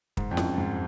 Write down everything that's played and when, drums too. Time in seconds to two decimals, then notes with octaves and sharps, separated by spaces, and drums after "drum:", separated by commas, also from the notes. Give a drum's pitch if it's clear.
0.17 G#2, drum: kick
0.31 F2
0.37 F#2, drum: snare
0.58 G#2